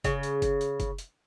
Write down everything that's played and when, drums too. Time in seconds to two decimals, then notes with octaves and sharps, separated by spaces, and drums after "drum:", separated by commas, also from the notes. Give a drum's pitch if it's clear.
0.04 C#3, drum: kick, hi-hat
0.23 drum: hi-hat
0.42 drum: kick, hi-hat
0.61 drum: hi-hat
0.80 drum: kick, hi-hat
0.98 drum: hi-hat